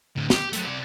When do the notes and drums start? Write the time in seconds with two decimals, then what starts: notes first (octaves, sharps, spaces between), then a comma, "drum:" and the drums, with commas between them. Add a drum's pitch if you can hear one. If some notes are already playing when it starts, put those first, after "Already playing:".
0.16 A2 D3
0.30 G4, drum: snare
0.53 F#3 A3, drum: hi-hat
0.65 C3 D5